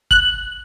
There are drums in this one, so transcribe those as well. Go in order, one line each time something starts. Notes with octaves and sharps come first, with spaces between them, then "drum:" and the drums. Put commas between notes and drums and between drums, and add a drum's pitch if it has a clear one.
F#6, drum: kick